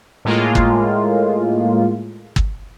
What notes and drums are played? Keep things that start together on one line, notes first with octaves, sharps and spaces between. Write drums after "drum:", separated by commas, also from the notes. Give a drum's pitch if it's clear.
A2 G#3 A#3 F4
drum: kick G1
drum: kick G1